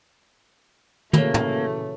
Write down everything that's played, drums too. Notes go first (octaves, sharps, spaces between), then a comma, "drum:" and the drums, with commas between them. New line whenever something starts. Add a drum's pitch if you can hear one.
A#2 C#3 E3 A3 A#3 F#4 C#5, drum: tom
drum: tom